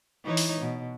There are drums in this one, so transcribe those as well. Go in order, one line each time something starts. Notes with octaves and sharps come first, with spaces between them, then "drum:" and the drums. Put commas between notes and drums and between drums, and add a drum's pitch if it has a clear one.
E3 D#4 C#5
drum: open hi-hat
B2